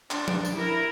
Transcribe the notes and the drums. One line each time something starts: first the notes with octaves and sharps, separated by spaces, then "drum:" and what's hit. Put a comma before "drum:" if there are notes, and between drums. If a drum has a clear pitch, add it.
D4, drum: clap
drum: tom F3
drum: tambourine
E4 A#4